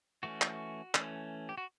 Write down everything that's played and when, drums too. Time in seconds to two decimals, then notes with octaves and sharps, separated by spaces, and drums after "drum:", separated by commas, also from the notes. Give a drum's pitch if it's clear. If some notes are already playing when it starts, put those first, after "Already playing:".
0.23 E3 A3 C#4 F#4
0.41 drum: clap
0.95 E3 A3 C#4, drum: clap
1.49 G4
1.58 F#4